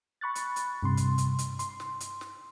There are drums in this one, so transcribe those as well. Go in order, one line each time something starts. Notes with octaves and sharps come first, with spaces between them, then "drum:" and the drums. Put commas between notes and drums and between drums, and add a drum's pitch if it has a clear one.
B5 C#6 F#6 A6
drum: hi-hat
drum: hi-hat
G2 C3 C6
drum: kick, hi-hat
drum: hi-hat
drum: hi-hat
C6, drum: hi-hat
drum: snare
drum: hi-hat
drum: snare